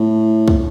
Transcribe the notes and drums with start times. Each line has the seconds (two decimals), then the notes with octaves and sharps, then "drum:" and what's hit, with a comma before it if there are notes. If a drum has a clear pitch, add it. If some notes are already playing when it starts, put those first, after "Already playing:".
Already playing: A2
0.48 drum: kick